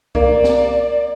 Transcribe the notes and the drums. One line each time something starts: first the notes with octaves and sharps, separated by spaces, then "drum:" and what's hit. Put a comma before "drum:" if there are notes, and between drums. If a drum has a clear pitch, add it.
A#3 D5, drum: kick C2
drum: snare